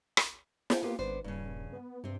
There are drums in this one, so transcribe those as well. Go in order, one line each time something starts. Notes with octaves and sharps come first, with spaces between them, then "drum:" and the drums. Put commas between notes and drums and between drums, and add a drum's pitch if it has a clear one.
drum: rim click
drum: snare
A#3 B3 F4 G4
G#1 B3 D4 C5
D#1 G2 C#3
B3
G2 C3 C4